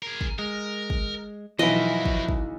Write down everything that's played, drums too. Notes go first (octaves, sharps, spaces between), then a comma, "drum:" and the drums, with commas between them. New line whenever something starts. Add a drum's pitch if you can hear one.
G#4 A#4
drum: kick
G#3 A#4
drum: kick
B1 E3 F3 E4 F#4 A#4 D#5
drum: kick
drum: kick